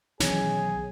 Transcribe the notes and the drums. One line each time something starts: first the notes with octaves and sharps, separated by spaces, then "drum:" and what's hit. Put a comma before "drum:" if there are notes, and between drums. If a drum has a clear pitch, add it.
B1 D#3 E3 C#4 G#4 C#5, drum: snare